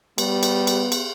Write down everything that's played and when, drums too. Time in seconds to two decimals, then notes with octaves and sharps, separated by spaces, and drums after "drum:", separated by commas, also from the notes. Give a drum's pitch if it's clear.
0.18 G3 B3, drum: cymbal
0.43 drum: cymbal
0.67 drum: cymbal
0.92 drum: cymbal